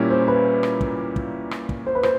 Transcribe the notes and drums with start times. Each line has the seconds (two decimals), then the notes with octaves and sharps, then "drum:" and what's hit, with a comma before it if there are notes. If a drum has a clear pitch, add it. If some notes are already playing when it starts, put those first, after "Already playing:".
Already playing: A#2 G3 A#3 C#4 E4
0.10 C5
0.28 B4
0.63 drum: rim click
0.81 drum: kick
1.16 drum: kick
1.51 drum: rim click
1.69 drum: kick
1.87 C5
1.95 B4
2.03 C5, drum: rim click